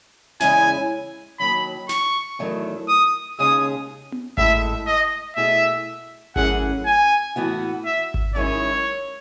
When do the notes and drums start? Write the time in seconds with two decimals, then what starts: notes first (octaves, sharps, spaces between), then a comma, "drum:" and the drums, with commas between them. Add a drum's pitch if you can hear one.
0.40 E2 C#3 G#3 C#4 E4 G#5, drum: snare
1.40 D#2 D#3 F#3 B5
1.89 C#6, drum: snare
2.39 E2 D#3 F#3 A3
2.88 D#6
3.39 D#2 C#3 G#3 C#4 G#4 D#6
4.12 drum: tom B3
4.37 A2 G#3 D#4 A4 E5, drum: kick G#1
4.87 D#5
5.36 B2 A3 E4 G#4 E5
6.36 F#2 E3 A3 C#4 G#4 F#5, drum: kick G#1
6.86 G#5
7.36 A2 E3 B3 F#4
7.86 E5
8.14 drum: kick G#1
8.35 F#2 D#3 G#3 C#4 E4 C#5